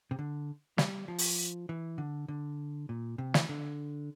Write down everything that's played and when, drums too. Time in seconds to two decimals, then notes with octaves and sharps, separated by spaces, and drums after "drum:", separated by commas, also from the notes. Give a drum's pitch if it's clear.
0.11 C3
0.19 D3
0.78 G3, drum: snare
1.08 F3
1.18 drum: open hi-hat
1.69 E3
1.98 D3
2.28 D3
2.89 A#2
3.18 C3
3.34 E3, drum: snare
3.49 D3